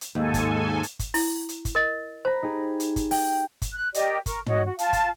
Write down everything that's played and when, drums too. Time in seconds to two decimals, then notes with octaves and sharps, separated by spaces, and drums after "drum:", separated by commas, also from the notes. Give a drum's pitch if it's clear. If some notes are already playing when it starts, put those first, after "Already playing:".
0.01 drum: hi-hat
0.15 D#2 G#2 A4 G#5
0.34 drum: kick, hi-hat
0.83 drum: hi-hat
0.99 drum: kick, hi-hat
1.14 E4, drum: open hi-hat
1.49 drum: hi-hat
1.65 drum: kick, hi-hat
1.75 A#4 D#5
2.25 C5 A#5 B5
2.43 D#4 G4 G#4
2.80 drum: hi-hat
2.96 drum: kick, hi-hat
3.11 G5, drum: open hi-hat
3.62 drum: kick, hi-hat
3.74 F#6
3.94 G4 A#4 D5 D#5, drum: hi-hat
4.26 A#4 C#6, drum: kick, hi-hat
4.46 F#4 C#5 D#5, drum: tom
4.65 F#4
4.79 F4 F5 A5, drum: hi-hat
4.93 drum: kick, hi-hat